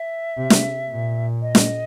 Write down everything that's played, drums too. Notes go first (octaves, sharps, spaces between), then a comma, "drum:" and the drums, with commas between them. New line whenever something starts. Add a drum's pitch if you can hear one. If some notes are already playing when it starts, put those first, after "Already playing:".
Already playing: E5
C3
drum: snare
A#2
D#5
drum: snare